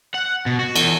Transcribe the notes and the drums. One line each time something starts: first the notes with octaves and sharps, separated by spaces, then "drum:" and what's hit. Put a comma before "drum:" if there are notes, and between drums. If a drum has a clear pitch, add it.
F#5
B2
F#4
E2, drum: cymbal